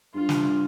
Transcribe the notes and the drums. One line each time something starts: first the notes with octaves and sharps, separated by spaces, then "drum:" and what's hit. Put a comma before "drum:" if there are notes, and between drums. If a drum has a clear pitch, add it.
G2 F4
drum: snare